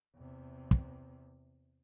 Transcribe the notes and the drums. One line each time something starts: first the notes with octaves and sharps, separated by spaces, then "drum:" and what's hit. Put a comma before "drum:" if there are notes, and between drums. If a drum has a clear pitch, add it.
E2 C3
drum: kick